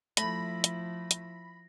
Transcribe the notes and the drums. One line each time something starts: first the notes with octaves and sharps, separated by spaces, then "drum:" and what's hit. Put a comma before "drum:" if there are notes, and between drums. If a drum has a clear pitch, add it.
F3 A3 E4 B5 A#6, drum: hi-hat
drum: hi-hat
drum: hi-hat